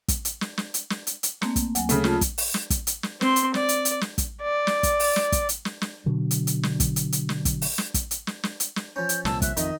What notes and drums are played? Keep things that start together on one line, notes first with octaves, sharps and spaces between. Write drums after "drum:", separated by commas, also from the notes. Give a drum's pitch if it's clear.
drum: kick, hi-hat
drum: hi-hat
drum: snare
drum: snare
drum: hi-hat
drum: snare
drum: hi-hat
drum: hi-hat
A3 A#3 C4, drum: snare
drum: kick, hi-hat
D2 F#3 G#5, drum: hi-hat
C#3 A3, drum: hi-hat
F4 A5, drum: snare
drum: kick, hi-hat
drum: open hi-hat
drum: snare
drum: kick, hi-hat
drum: hi-hat
drum: snare
C4 C6, drum: snare
drum: hi-hat
D5, drum: snare
drum: hi-hat
drum: hi-hat
drum: snare
drum: kick, hi-hat
D5
drum: snare
drum: kick, hi-hat
drum: open hi-hat
drum: snare
drum: kick, hi-hat
drum: hi-hat
drum: snare
drum: snare
B2 D3 F#3
drum: hi-hat
drum: hi-hat
drum: snare
drum: kick, hi-hat
drum: hi-hat
drum: hi-hat
drum: snare
drum: kick, hi-hat
drum: open hi-hat
drum: snare
drum: kick, hi-hat
drum: hi-hat
drum: snare
drum: snare
drum: hi-hat
drum: snare
F3 C#4 G6
drum: hi-hat
C2 A#2 A5 E6, drum: snare
E5 F#6, drum: kick, hi-hat
F2 D#3 D#5, drum: hi-hat